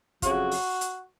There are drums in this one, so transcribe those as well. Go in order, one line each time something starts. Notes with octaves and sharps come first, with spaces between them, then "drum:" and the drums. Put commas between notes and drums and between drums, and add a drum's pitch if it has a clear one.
F2 C#3 F#3 F#4, drum: kick, hi-hat
drum: open hi-hat
drum: hi-hat